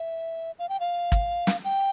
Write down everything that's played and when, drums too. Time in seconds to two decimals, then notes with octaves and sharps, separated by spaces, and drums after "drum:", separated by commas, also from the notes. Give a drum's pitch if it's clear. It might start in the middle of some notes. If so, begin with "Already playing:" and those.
Already playing: E5
0.59 F5
0.69 G5
0.80 F5
1.12 drum: kick
1.47 drum: snare
1.64 G5